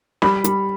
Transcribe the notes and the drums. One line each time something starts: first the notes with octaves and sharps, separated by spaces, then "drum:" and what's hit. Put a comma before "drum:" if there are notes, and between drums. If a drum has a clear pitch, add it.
G3 B5, drum: snare
G3, drum: hi-hat